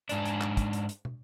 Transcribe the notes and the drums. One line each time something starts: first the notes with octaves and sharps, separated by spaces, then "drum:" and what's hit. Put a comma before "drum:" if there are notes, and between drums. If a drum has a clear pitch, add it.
G#2 D4, drum: hi-hat
drum: hi-hat
drum: clap
drum: kick, hi-hat
drum: hi-hat
drum: hi-hat
drum: tom